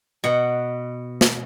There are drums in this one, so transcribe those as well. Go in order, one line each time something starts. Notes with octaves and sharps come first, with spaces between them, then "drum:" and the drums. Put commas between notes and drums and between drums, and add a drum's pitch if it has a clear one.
B2 F#5
drum: snare